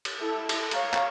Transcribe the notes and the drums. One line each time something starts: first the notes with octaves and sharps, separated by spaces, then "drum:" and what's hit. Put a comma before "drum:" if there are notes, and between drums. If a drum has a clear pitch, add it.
drum: cymbal
E4 A4
drum: cymbal
C#5 F5 A#5, drum: cymbal
drum: clap